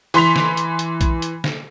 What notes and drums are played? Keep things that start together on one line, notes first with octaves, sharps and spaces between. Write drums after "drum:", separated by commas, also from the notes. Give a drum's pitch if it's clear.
E3 C6 B6 F7, drum: open hi-hat
drum: snare
drum: hi-hat
drum: hi-hat
drum: kick A#1, hi-hat
drum: hi-hat
drum: snare